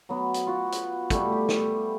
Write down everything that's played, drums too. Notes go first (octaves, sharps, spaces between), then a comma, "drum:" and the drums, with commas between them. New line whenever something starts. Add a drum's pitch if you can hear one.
F#3 B3
drum: hi-hat
F4 F#4
drum: hi-hat
G3 A3, drum: kick, hi-hat
G4
drum: snare